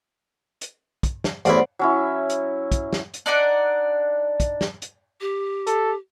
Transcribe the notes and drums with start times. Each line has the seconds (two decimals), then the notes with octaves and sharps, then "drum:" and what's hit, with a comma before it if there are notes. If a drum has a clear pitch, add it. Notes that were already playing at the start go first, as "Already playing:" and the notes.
0.61 drum: hi-hat
1.03 drum: kick, hi-hat
1.24 drum: snare
1.45 A1 E2 E4 C5 D5 F#5, drum: hi-hat
1.79 F#3 C#4 E4
2.29 drum: hi-hat
2.72 drum: kick, hi-hat
2.93 drum: snare
3.14 drum: hi-hat
3.26 D4 D#4 D5 F#5
4.40 drum: kick, hi-hat
4.61 drum: snare
4.82 drum: hi-hat
5.21 G4
5.67 A4, drum: hi-hat